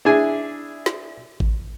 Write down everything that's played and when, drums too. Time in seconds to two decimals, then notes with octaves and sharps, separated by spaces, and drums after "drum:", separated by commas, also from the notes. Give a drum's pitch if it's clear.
0.05 D4 E4 G#4 G#5
0.86 drum: snare
1.40 drum: kick G#1